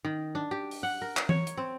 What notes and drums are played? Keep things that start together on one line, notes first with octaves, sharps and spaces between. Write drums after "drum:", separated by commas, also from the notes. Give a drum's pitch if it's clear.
D#3
D4
G4
drum: open hi-hat
F#5
A#4
drum: clap
C#5, drum: tom E3
drum: hi-hat
C4